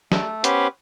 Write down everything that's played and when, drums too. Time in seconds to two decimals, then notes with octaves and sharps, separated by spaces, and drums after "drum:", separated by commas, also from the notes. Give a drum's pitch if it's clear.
0.12 A3, drum: snare
0.44 B3 C#4 G4 B4 C5 F#5, drum: hi-hat